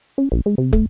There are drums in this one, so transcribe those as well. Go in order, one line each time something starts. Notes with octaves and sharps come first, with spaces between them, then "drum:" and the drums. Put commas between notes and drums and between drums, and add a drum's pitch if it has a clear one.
C#4
A#1
G#3
C3
A3, drum: kick